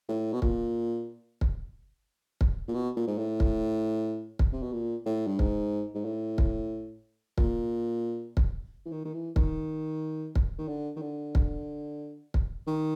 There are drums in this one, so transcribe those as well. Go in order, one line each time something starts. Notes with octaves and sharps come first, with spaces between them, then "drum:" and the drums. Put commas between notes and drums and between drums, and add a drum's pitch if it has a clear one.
A2
B2
A#2, drum: kick
drum: kick
drum: kick
A#2
B2
A#2
G#2
A2
drum: kick
drum: kick
C3
B2
A#2
A2
G2
G#2, drum: kick
G#2
A2
drum: kick
A#2, drum: kick
drum: kick
E3
D#3
D#3
E3
D#3, drum: kick
drum: kick
D#3
D3
D#3
D3
drum: kick
drum: kick
D#3